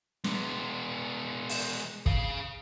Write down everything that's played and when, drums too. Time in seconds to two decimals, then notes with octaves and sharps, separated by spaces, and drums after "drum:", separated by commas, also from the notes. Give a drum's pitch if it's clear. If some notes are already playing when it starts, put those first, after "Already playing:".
0.24 G#3 B3, drum: snare
1.49 drum: open hi-hat
2.06 G#4 F5, drum: kick